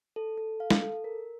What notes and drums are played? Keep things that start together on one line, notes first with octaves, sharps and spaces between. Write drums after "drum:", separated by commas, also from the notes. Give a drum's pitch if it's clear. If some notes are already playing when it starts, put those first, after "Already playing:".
A4
A4
F5
drum: snare
A4
A#4